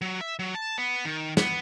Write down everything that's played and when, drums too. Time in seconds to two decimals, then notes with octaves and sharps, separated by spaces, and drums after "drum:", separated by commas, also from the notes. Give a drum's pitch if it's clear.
0.01 F#3
0.21 E5
0.39 F#3
0.55 A5
0.78 B3
1.05 D#3
1.37 B3, drum: snare